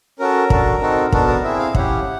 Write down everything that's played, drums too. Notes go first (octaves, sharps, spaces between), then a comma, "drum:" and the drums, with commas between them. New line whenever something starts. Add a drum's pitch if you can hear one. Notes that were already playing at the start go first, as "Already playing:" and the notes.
C#4 F#4 A4 A#4
D4 F#4 A4, drum: kick
C4 D#4 F#4 A4
B3 D4 F#4 A4 A#4, drum: kick
A#4
C4 E4 G#4 E5
F5
C#4 E4 G4 F#5, drum: kick